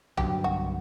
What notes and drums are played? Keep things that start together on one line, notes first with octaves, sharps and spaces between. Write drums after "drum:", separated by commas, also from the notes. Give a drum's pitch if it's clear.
G2 D3 F#3 G4, drum: tom C2
F#4